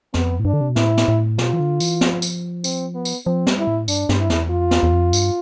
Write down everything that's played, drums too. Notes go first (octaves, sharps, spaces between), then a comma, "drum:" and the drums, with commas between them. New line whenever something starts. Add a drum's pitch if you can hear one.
F2 B3, drum: snare
A2
G2 D4
D3
C3
B2
A2 E4, drum: snare
drum: snare
A2
B2 F4, drum: snare
E3
D3
E3, drum: tambourine
F3, drum: snare
drum: tambourine
C4, drum: tambourine
B3
drum: tambourine
F3 C4
G3, drum: snare
E4
A2
G2 D4, drum: tambourine
G2, drum: snare
E4
E2, drum: snare
F2 F4
E2, drum: snare
E2
F2
G2, drum: tambourine